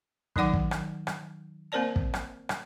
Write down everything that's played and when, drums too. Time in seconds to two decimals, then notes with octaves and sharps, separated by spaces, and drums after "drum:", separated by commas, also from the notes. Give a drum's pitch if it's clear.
0.36 D#3 F#3 D#4 D5 F#5 D6, drum: kick
0.53 drum: kick
0.71 drum: rim click
1.07 drum: rim click
1.72 A#3 C4 A#4 C5 D5 A5
1.96 drum: kick
2.14 drum: rim click
2.49 drum: rim click